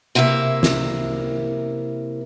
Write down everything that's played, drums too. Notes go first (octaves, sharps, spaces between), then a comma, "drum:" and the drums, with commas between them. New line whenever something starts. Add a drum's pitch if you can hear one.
C3 A#3 E4 A#4 E5
drum: snare